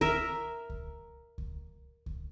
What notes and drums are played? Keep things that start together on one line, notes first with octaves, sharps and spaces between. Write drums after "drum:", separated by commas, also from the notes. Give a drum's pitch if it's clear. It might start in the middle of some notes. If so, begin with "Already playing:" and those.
A#4 E5, drum: kick C#2
drum: kick C#2
drum: kick C#2
drum: kick C#2